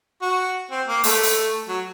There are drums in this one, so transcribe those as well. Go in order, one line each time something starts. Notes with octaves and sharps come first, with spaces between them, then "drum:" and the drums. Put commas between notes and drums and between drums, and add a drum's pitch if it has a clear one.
F#4
C4
A#3
A3, drum: open hi-hat
drum: open hi-hat
F#3